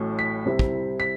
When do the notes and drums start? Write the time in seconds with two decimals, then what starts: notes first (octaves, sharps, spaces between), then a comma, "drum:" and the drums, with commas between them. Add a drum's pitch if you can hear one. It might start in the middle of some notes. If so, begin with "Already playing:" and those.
Already playing: A1 A2 F#3
0.19 B6
0.45 C2 C3 G3 C4 E4
0.59 drum: kick
1.00 B6